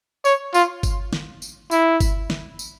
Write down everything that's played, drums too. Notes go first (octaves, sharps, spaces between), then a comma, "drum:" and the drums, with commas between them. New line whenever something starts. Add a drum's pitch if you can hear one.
C#5, drum: tambourine
F4, drum: tambourine
drum: kick G1, tambourine
drum: snare
drum: tambourine
E4, drum: tambourine
drum: kick G1, tambourine
drum: snare
drum: tambourine